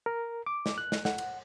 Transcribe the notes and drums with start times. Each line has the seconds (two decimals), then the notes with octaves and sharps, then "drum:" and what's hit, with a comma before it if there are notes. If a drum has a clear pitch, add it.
0.06 A#4
0.46 D6
0.66 drum: snare
0.78 F#6
0.92 drum: snare
1.05 F#5, drum: snare
1.18 drum: cymbal